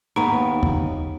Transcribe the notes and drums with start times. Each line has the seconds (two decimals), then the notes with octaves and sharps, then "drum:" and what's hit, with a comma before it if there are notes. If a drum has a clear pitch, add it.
0.16 D#2 B3 D#4 A#5 B5
0.63 drum: tom E2